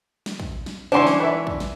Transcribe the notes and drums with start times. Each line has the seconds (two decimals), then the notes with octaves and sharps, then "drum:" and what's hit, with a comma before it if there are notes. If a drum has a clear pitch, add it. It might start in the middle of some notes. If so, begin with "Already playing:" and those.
0.26 drum: snare
0.40 drum: kick
0.66 drum: snare
0.92 E3 C#4 D4 C5 F#5 C6
1.07 drum: snare
1.20 B4 D5 E5
1.47 drum: kick
1.60 drum: snare